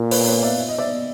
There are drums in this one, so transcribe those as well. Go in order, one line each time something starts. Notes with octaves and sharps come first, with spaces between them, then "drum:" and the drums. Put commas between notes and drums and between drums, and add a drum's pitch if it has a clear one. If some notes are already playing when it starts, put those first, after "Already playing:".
Already playing: A#2
B4 C#5, drum: open hi-hat
B4 C#5
F5
D5 E5
E5
D#5
D5 E5